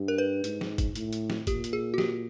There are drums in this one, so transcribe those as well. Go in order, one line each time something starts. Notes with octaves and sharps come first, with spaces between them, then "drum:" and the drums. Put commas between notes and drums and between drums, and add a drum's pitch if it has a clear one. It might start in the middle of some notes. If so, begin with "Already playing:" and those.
Already playing: G2
A#4
B4
G#2, drum: hi-hat
drum: snare
drum: kick, hi-hat
A2, drum: hi-hat
drum: hi-hat
drum: snare
A#2 G4, drum: kick, hi-hat
drum: hi-hat
G#4
F#4
G4, drum: snare